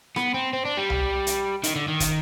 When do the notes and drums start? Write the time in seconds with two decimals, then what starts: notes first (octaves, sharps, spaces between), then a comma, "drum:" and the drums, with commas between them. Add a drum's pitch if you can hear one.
0.16 B3, drum: rim click
0.34 C4
0.53 C4
0.65 D4
0.77 G3
0.90 drum: tom C2
1.27 drum: hi-hat
1.63 D#3, drum: hi-hat
1.75 D3
1.88 D#3
2.00 drum: kick, hi-hat